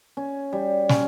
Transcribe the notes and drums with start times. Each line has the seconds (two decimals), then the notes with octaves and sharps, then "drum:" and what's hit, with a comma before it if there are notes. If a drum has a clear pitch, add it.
0.17 C#4
0.53 G3
0.89 C#4, drum: snare